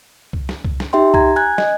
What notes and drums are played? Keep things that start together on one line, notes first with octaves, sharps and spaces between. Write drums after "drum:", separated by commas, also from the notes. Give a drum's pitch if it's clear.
drum: kick C2
drum: snare
drum: kick C2
drum: snare
D#4 G4 E5 G5 C6
A#5 G#6, drum: kick C2
G#5 F#6 G#6
D#5, drum: snare